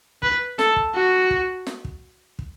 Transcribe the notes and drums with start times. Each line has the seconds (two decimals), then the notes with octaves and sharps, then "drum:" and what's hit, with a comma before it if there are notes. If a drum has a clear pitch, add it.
0.23 B4, drum: kick
0.59 A4, drum: snare
0.76 drum: kick
0.95 F#4
1.30 drum: kick
1.67 drum: snare
1.85 drum: kick
2.39 drum: kick